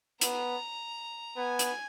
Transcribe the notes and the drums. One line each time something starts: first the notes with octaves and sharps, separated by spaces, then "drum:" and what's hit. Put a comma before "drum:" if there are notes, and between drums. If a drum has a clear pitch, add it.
B3 A#5, drum: hi-hat
B3 G#5
drum: hi-hat